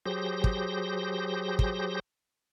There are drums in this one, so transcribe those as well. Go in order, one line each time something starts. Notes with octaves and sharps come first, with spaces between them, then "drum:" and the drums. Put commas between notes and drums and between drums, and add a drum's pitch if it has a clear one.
F#3 G4 G#4 C5 G6 A#6
drum: kick
drum: kick